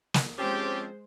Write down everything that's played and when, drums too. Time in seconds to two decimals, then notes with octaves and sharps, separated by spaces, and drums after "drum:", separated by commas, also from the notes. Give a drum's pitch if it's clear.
0.14 drum: snare
0.38 F3 G#3 C4 C#4 G4 C5